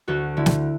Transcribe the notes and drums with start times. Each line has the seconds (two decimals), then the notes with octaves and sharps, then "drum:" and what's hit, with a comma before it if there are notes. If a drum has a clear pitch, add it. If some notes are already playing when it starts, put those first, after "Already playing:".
0.08 D2 F#4 A4
0.37 D3 A3 E4
0.46 drum: snare